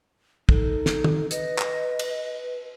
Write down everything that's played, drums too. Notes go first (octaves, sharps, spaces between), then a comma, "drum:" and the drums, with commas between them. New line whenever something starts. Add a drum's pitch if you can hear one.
D#4 A4, drum: kick
drum: snare
drum: tom
B4 D#5, drum: hi-hat
drum: clap
drum: cymbal